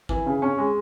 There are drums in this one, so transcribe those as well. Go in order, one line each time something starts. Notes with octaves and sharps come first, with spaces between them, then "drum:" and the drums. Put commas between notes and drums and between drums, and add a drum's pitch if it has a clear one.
E3, drum: kick
C#3
C#4
G#3